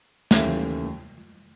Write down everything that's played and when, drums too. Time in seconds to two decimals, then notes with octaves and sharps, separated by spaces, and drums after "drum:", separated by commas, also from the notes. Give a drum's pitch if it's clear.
0.31 D#2 C#3 E3 A3, drum: snare